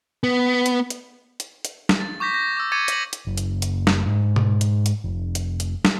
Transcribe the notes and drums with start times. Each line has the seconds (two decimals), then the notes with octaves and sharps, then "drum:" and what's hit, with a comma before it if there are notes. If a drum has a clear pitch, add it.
0.24 B3
0.66 drum: hi-hat
0.90 drum: hi-hat
1.40 drum: hi-hat
1.65 drum: hi-hat
1.89 drum: snare
2.00 A6
2.20 C#6 D6 G6 A#6 B6
2.34 G6 A#6
2.57 D6 E6
2.72 C#6 D6 G#6 A6 C#7 D#7
2.88 G#6 A#6 F#7, drum: hi-hat
3.13 drum: hi-hat
3.27 F#1
3.38 drum: hi-hat
3.62 drum: hi-hat
3.87 drum: snare
4.06 G#2
4.36 drum: tom B2
4.61 drum: hi-hat
4.86 drum: hi-hat
5.04 F1
5.35 drum: hi-hat
5.60 drum: hi-hat
5.85 drum: snare